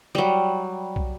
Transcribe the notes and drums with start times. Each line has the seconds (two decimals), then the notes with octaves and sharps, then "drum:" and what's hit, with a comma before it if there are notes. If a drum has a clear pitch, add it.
0.15 F#3 G3
0.96 drum: kick